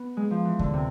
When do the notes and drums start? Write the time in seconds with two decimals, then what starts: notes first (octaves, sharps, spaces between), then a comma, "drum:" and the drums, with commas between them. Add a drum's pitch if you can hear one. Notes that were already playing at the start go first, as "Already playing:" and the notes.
Already playing: B3
0.17 G#3
0.31 F3
0.45 E3
0.59 D3, drum: kick D2
0.73 C3